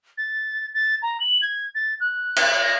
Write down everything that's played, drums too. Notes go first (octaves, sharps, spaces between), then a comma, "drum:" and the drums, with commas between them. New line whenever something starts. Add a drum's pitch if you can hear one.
A6
A6
A#5
F#7
G#6
A6
F#6
drum: cymbal
A#6